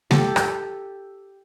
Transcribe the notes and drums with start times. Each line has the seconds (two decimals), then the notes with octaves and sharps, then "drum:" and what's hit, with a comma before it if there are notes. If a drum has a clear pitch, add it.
0.11 G4 A4, drum: snare G#3
0.36 drum: rim click